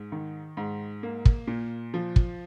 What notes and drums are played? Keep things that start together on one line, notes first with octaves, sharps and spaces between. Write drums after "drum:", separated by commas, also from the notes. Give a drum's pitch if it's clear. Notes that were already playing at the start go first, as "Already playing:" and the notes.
Already playing: G#2
D#3
G#2
A#3
drum: kick
A#2
F3
drum: kick